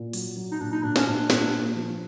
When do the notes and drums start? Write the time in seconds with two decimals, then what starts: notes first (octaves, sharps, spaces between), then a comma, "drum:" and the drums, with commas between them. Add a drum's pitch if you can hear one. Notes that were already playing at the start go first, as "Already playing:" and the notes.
Already playing: A#2
0.13 F#3, drum: open hi-hat
0.37 F#3
0.52 D#4
0.60 A#2 D4
0.72 D#4
0.83 A#2 D4
0.96 C#4, drum: snare
1.07 A#2 D4
1.30 A#2, drum: snare
1.54 A#3
1.76 F3